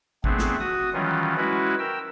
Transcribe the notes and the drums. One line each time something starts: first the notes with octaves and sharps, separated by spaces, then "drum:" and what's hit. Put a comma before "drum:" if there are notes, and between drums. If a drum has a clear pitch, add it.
A3 B3 C4 D4 G#4, drum: kick G#1
drum: snare
F#4 D#6
D#3 E3 F#3 G3 C#4 F4
G#3 C#4 E4 F#4 B4
A#4 G5 E6